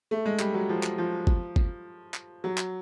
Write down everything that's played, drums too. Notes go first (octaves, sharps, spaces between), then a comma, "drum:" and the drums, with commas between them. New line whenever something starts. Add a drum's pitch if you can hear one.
A3
G#3
G3, drum: clap
F#3
F3
drum: clap
F3
drum: kick
drum: kick
drum: clap
F#3
drum: clap